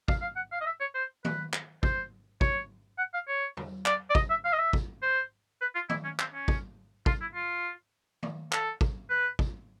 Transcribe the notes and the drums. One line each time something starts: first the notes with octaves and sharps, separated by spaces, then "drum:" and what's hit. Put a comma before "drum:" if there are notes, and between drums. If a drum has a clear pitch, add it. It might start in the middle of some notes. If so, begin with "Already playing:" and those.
F5, drum: kick
F5
F#5
F5
D#5
E5
C#5
C5
B4, drum: tom D#3
drum: clap
C5, drum: kick
C#5, drum: kick
F#5
F5
C#5
drum: tom
D5, drum: clap
D5
D#5, drum: kick
E5
F5
D#5
E5
drum: kick
C5
B4
F4
E4, drum: tom D#3
C#4
C4, drum: clap
C#4
drum: kick
F4, drum: kick
E4
F4
drum: tom D#3
A4, drum: clap
drum: kick
B4
drum: kick